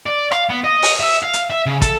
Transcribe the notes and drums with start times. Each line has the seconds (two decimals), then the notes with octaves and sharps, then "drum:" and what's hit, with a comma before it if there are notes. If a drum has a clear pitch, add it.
0.06 D5
0.32 F5, drum: rim click
0.50 B3
0.64 D#5
0.82 drum: open hi-hat
1.00 E5
1.23 F5
1.33 drum: hi-hat
1.50 E5
1.66 C#3
1.82 A4, drum: kick, hi-hat